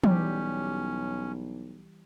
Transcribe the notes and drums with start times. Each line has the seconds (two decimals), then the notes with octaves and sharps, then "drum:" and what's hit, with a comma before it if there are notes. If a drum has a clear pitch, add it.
0.04 B1 E3 G3 C#4 G4, drum: tom